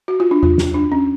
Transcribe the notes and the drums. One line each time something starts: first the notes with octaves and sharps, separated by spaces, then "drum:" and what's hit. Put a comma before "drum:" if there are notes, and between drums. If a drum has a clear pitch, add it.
F#4
F4
D4
F4, drum: tom E2
drum: snare
D4
C#4